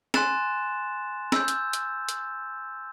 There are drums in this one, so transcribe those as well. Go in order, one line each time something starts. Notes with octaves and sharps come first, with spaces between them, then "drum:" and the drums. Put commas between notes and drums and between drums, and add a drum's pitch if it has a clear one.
G#5 C6 F#6 A6 E7, drum: snare
E6 G6, drum: snare
drum: hi-hat
drum: hi-hat
drum: hi-hat